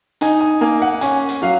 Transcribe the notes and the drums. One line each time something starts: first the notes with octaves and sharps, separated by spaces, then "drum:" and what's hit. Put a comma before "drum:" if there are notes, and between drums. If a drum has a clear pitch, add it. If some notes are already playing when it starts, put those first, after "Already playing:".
D#4 G#5, drum: hi-hat
G#5
A#3 G#5
F#5
C#4 G#5, drum: hi-hat
drum: hi-hat
F#3 F5